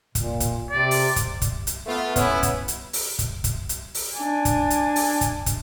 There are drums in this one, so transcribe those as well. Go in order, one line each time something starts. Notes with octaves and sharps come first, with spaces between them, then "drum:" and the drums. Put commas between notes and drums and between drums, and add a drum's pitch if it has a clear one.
A#2, drum: kick, hi-hat
drum: kick, hi-hat
C3 D5
drum: open hi-hat
drum: kick, hi-hat
drum: kick, hi-hat
drum: hi-hat
A3 B3 F4
B3 C#4 E4, drum: kick, hi-hat
drum: kick, hi-hat
drum: hi-hat
drum: open hi-hat
drum: kick, hi-hat
drum: kick, hi-hat
drum: hi-hat
drum: open hi-hat
D4 G#5
drum: kick, hi-hat
drum: hi-hat
drum: open hi-hat
drum: kick, hi-hat
drum: kick, hi-hat